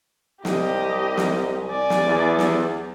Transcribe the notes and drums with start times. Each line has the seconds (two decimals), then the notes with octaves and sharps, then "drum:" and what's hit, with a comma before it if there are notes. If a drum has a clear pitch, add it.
0.45 C2 G4 D#5, drum: snare
1.17 drum: snare
1.67 D5 G#5
1.90 drum: snare
2.06 E2
2.39 drum: snare